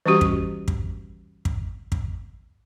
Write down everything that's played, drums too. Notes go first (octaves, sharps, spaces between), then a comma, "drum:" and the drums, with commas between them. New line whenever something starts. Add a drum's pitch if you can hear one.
E3 G3 C#4 F#4 G4
drum: kick
drum: kick
drum: kick
drum: kick